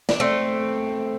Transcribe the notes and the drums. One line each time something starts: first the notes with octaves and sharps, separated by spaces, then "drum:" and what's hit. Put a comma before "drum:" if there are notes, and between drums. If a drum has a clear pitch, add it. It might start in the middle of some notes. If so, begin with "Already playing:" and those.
D4, drum: snare
A3 C4